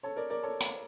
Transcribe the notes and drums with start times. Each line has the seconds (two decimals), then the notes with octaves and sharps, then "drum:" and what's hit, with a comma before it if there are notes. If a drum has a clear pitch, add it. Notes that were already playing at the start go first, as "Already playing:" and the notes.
0.03 A4 C#5
0.16 A#4 D5
0.30 A#4 D5
0.43 A4 C#5
0.60 drum: hi-hat